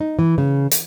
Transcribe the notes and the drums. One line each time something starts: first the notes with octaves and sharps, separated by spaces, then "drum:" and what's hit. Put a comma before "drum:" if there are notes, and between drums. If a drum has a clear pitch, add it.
D#4
E3
C#3
drum: hi-hat